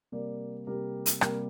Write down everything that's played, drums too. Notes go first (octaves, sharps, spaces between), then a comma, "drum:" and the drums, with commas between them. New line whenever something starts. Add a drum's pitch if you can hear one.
C3 G3 A#3 A#4 D5
C3 G3 A#3 G4 A#4
drum: hi-hat
C3 G3 A#3 G4 A#4, drum: rim click